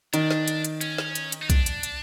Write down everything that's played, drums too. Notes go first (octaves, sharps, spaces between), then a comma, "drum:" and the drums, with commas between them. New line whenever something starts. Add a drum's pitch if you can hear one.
D#3 D4, drum: hi-hat
drum: snare
drum: hi-hat
drum: hi-hat
C#4, drum: hi-hat
drum: snare
drum: hi-hat
drum: hi-hat
D#4
D4, drum: kick B1, hi-hat
drum: hi-hat
drum: hi-hat